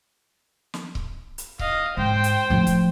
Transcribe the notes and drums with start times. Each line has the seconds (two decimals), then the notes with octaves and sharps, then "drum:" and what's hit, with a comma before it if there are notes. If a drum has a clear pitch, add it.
0.74 drum: snare
0.95 drum: kick C#1
1.38 drum: hi-hat
1.59 D#5 F5, drum: kick C#1
1.97 G#2 C5 G5
2.24 drum: hi-hat
2.50 A2 F3
2.67 drum: kick C#1, hi-hat